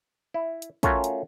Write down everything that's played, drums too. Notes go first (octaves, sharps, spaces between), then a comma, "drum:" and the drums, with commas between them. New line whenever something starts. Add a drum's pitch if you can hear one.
E4
drum: hi-hat
A3 C#4 F4 F#4 A#4 C#5, drum: kick, hi-hat
drum: hi-hat